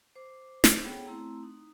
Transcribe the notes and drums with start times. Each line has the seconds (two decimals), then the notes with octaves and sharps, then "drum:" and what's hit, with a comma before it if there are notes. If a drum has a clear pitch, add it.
0.16 C5 D6
0.64 drum: snare
0.84 B3 G#4 A4 C#5 F#5 G5
1.06 A3 C4 E4 A#5
1.43 D#4